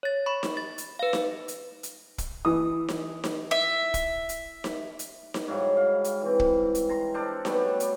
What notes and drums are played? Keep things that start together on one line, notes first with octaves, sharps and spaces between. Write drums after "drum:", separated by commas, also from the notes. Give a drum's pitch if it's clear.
C#5 A6
B5 C#6
drum: snare D#4
A6
drum: hi-hat
B4 F5
drum: snare D#4
drum: hi-hat
drum: hi-hat
drum: kick, hi-hat
E3 D#6
drum: snare D#4
drum: snare D#4
E5
drum: kick, hi-hat
drum: hi-hat
drum: snare D#4
drum: hi-hat
drum: snare D#4
G#2 C#3 F#3 G3
F5
drum: hi-hat
E3 C4
drum: kick
drum: hi-hat
A#5 C6
D4 A4 A#4 C5
F#3 G3 A3 B3, drum: snare D#4
drum: hi-hat